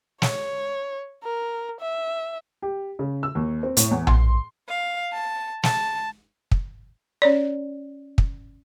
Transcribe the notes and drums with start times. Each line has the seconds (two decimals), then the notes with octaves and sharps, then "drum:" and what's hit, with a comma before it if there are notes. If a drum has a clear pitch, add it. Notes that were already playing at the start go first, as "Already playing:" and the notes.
0.22 C#5, drum: snare
1.24 A#4
1.81 E5
2.62 G4
2.99 C#3
3.23 E6
3.35 D#2
3.63 C4
3.77 A2, drum: hi-hat
3.91 E2
4.07 C6, drum: tom A#1
4.68 F5
5.13 A5
5.63 A5, drum: snare
6.51 drum: kick
7.22 C#4 C#5 D5
8.18 drum: kick